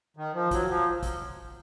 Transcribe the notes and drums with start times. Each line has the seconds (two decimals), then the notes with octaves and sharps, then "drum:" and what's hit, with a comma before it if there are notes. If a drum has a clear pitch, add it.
0.17 D#3
0.34 F3
0.51 F#3, drum: kick, hi-hat
0.69 F3
1.03 drum: kick, hi-hat